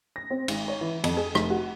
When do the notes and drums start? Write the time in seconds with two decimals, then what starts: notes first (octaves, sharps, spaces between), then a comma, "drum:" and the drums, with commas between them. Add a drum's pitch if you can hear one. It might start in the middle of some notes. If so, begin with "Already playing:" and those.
0.16 A#6
0.30 C4
0.48 G#1, drum: cymbal
0.68 C#5
0.81 E3
1.04 F2, drum: cymbal
1.17 G#4
1.35 F1, drum: rim click
1.50 F#4